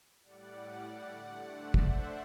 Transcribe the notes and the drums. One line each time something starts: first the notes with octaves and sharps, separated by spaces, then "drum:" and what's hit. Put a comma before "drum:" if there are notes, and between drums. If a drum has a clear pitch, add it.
A2 G3 D5 F#5
D3 A3 D5 F#5
C5 E5
drum: kick